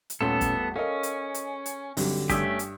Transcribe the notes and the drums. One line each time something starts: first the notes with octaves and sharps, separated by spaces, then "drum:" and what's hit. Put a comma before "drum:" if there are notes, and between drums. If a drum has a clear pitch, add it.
drum: hi-hat
D#1 A#2 A3 B3 C#4 A4 C6
drum: kick, hi-hat
C#4 A4 A#4 D#5 F5
drum: hi-hat
drum: hi-hat
drum: hi-hat
B1 G2 D3 G3 C4 F#4, drum: open hi-hat
G2 A3 C#4 G4 D#6 E6, drum: kick, hi-hat
drum: hi-hat